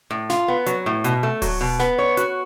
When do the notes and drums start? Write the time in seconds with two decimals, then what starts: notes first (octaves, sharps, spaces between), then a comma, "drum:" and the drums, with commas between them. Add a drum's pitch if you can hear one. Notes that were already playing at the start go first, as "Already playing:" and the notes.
0.11 A2
0.30 F4, drum: snare
0.48 B3
0.66 F#3, drum: hi-hat
0.86 A2
1.04 B2, drum: hi-hat
1.23 A3
1.42 F#3, drum: kick D1, open hi-hat
1.61 B2
1.79 B3, drum: snare
1.98 C#5
2.17 F#4, drum: hi-hat